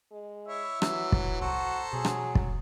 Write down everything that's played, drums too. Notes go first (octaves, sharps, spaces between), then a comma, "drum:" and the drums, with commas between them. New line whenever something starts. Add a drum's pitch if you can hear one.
G#3
E4 C#5 E5
E3 F#3, drum: rim click
drum: kick
C2 F#4 A4 C5 A#5
B2 F#3 G#4
drum: rim click
drum: kick